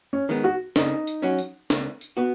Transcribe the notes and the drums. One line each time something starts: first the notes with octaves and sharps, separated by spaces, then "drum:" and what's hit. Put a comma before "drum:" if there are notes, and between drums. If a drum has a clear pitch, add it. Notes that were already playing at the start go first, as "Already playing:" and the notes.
C#4
D#3 G#3 B3
F#4
C#3 D#4, drum: snare
drum: tambourine
F#3 C#4 F#4
drum: tambourine
C#2, drum: snare
drum: tambourine
B3 F#4